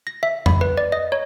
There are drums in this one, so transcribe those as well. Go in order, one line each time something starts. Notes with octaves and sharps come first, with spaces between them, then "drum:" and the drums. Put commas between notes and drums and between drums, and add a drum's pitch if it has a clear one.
A#6
E5
B5, drum: tom F2
B4
D5
D#5
C#5